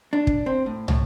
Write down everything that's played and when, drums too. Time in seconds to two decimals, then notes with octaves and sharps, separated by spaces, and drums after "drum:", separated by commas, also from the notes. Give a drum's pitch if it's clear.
0.13 D4
0.27 drum: kick
0.46 C4
0.66 A2
0.88 A2, drum: tom